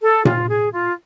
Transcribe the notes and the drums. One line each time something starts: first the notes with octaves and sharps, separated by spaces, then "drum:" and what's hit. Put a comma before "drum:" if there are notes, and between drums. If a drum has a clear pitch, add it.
A4
F4, drum: tom A#2
G#4
F4